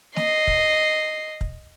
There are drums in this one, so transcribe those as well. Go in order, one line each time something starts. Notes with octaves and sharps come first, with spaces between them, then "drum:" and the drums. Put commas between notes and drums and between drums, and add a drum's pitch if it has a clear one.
D#5 C7, drum: snare
drum: kick
drum: kick